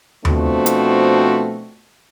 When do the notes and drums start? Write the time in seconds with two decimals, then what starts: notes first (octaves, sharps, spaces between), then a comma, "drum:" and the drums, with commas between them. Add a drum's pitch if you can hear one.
0.25 B2 F3 A3 C4 D4 F#4, drum: tom D#2
0.66 drum: hi-hat